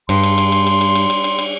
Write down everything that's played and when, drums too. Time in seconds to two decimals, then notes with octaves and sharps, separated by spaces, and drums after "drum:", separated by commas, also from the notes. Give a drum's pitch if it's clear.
0.09 G2 C6, drum: cymbal
0.23 drum: cymbal
0.38 drum: cymbal
0.52 drum: cymbal
0.67 drum: cymbal
0.81 drum: cymbal
0.95 drum: cymbal
1.10 drum: cymbal
1.24 drum: cymbal
1.39 drum: cymbal